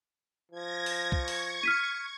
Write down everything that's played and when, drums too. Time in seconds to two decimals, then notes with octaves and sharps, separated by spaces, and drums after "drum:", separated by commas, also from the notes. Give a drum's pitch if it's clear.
0.52 F3 G#6 A#6
0.86 drum: open hi-hat
1.12 C#6 G#6, drum: kick C2
1.28 drum: open hi-hat
1.63 F6 B6 D#7